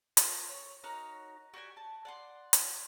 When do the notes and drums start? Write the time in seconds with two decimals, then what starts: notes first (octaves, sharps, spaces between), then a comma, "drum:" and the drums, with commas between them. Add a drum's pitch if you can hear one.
0.17 A3 F4 A#4 D#6, drum: hi-hat
0.49 C#5
0.84 D#4 F#4 A#4 C#5
1.54 F#4 G4 D5 G#5
1.77 A5
2.05 D5 F#5 C6
2.53 drum: hi-hat